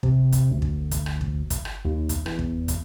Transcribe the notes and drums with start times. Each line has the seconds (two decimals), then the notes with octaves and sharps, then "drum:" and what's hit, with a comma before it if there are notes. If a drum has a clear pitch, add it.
0.03 C3, drum: kick
0.32 drum: kick, hi-hat
0.51 D2
0.62 drum: kick
0.91 drum: kick, hi-hat
1.06 drum: rim click
1.21 drum: kick
1.50 drum: kick, hi-hat
1.65 drum: rim click
1.85 D#2
2.09 drum: kick, hi-hat
2.26 E2, drum: rim click
2.39 drum: kick
2.68 drum: kick, hi-hat